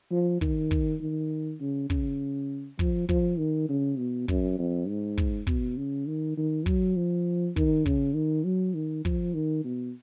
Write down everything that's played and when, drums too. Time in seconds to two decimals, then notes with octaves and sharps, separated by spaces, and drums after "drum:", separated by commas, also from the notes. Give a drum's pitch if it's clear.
0.11 F3
0.41 D#3, drum: kick
0.71 drum: kick
1.01 D#3
1.61 C#3
1.90 C#3, drum: kick
2.79 F3, drum: kick
3.09 F3, drum: kick
3.38 D#3
3.69 C#3
3.98 B2
4.28 F#2, drum: kick
4.59 F2
4.87 G#2
5.18 drum: kick
5.47 B2, drum: kick
5.77 C#3
6.07 D#3
6.37 D#3
6.66 F#3, drum: kick
6.96 F3
7.56 D#3, drum: kick
7.86 C#3, drum: kick
8.15 D#3
8.44 F#3
8.74 D#3
9.05 F3, drum: kick
9.34 D#3
9.64 B2